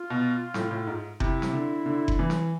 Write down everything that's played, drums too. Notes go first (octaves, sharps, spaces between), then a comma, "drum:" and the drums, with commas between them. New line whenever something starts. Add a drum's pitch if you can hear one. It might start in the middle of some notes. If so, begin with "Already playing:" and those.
Already playing: F4
B2
A2, drum: snare
A2
G#2
C3 E4, drum: kick F#1
drum: snare
D3
D3
drum: kick F#1
E3
drum: snare